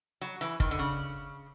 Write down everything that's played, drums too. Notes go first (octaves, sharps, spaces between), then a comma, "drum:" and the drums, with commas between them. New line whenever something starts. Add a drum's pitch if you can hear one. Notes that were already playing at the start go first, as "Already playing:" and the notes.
F#3
E3
D#3, drum: kick
D3
C#3